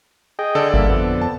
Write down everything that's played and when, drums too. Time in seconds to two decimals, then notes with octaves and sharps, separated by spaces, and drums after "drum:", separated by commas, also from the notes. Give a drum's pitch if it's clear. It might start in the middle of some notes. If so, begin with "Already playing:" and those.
0.39 G#4 D#5 G5
0.55 D3 A4 D5
0.74 G2 A#3 E5, drum: kick G#1
0.90 F2 B3
1.22 A5